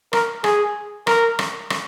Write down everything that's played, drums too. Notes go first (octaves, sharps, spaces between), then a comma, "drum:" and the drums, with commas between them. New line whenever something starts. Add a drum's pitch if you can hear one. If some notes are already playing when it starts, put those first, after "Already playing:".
A#4, drum: rim click
G#4, drum: rim click
A#4, drum: rim click
drum: rim click
drum: rim click